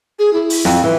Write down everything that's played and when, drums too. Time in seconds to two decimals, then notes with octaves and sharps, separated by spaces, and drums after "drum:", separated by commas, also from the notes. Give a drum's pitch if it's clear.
0.19 G#4
0.33 E4
0.50 drum: open hi-hat
0.65 F2, drum: snare
0.84 E3